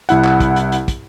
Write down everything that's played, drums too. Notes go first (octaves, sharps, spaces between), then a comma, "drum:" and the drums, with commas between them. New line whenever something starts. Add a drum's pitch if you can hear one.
C2 E4 F#5, drum: hi-hat
drum: clap
drum: kick, hi-hat
drum: hi-hat
drum: hi-hat
drum: kick, hi-hat